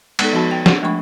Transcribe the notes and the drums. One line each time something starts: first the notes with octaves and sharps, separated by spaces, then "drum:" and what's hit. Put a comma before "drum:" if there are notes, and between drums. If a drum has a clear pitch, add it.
G#3 B3 D#4 A4, drum: cymbal
F3 B3 D#4 F#4 A5 B5
G5
D4 G#4 A#4 F#5, drum: snare
F3 G#3 A3 D4 B5 C#6